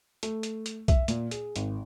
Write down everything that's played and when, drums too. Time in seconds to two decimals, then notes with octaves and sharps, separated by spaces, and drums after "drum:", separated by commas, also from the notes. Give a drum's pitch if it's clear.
0.23 A3, drum: hi-hat
0.43 drum: hi-hat
0.66 drum: hi-hat
0.88 E5, drum: kick B1, hi-hat
1.08 A#2, drum: hi-hat
1.31 G#4, drum: hi-hat
1.56 G#1, drum: hi-hat